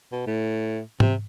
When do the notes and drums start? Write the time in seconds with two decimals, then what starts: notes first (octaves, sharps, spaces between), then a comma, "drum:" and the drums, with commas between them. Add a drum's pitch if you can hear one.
0.12 B2
0.27 A2
1.00 C3, drum: tom G#2